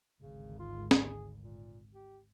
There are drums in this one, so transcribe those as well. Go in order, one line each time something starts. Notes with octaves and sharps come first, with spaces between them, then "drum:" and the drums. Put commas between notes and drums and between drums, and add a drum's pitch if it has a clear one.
G#1 D2 C#3
F4
G#4, drum: snare
A#2
G4